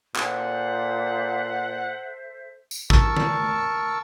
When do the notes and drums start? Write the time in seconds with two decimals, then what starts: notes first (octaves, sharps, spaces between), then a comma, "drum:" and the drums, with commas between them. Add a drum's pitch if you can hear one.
0.16 A#2 A4 C5 E5 F#5, drum: clap
2.71 drum: tambourine
2.90 A#4 A5 C#6 E6, drum: kick
3.16 drum: tom D3